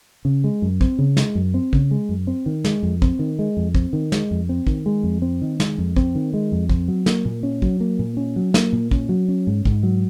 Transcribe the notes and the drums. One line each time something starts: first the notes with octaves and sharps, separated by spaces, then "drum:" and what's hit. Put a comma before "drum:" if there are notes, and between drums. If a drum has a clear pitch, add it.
C#3
G#3
F#2
C4, drum: kick
C#3
G#3, drum: snare
F#2
C4
C#3, drum: kick
G#3
F#2
C4
D#3
G#3, drum: snare
F2
C4, drum: kick
D#3
G#3
F2
C4, drum: kick
D#3
G#3, drum: snare
F2
C4
D#3, drum: kick
G#3
F2
C4
D#3
G#3, drum: snare
F2
C4, drum: kick
D#3
G#3
F2
C4, drum: kick
F#3
A#3, drum: snare
A#2
C#4
F#3, drum: kick
A#3
A#2
C#4
F#3
A#3, drum: snare
A#2
C#4, drum: kick
F#3
C#4
G#2
G#2, drum: kick
F#3